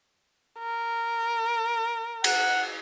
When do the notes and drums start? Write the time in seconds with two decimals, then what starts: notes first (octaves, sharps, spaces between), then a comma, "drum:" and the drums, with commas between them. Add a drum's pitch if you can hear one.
0.59 A#4
2.24 F#5, drum: cymbal